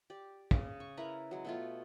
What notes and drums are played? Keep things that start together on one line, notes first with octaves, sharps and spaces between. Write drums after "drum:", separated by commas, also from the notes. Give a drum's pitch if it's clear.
G4 D5
C#3 G#4, drum: kick
C#6
E4 A#4 B4 A#5
F#3 G#3
B2 A3 F4